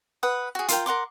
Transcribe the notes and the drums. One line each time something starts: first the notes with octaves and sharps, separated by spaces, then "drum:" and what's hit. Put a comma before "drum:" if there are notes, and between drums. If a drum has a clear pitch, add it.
B4 F#5 D#6
F#4 G#4
F4 A#4 G5, drum: hi-hat
A#4 F#5 C6 D6